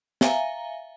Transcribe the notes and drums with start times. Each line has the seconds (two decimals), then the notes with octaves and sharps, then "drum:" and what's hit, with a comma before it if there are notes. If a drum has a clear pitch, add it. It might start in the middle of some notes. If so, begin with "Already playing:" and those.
0.21 E5 F5 G#5 A#5, drum: snare